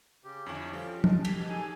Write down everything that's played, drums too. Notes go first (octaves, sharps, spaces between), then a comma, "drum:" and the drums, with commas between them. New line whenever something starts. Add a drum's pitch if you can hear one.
C#3 G4
F2 D3 C#4 E4 C#6
F3 G3 F4 G4 A4
D#5 A5, drum: tom
drum: cymbal
B2
D#4 G#4 A4 G#5